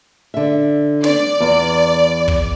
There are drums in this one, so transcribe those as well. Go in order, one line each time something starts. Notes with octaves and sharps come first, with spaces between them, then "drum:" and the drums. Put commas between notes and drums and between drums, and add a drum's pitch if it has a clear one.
D3 E5
D5, drum: snare
E2
drum: kick